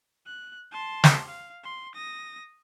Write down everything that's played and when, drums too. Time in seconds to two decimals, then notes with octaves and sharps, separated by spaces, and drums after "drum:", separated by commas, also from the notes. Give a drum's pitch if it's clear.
0.26 F#6
0.71 A5 C6
1.04 drum: snare
1.28 F5
1.64 C6
1.95 D#6 A#6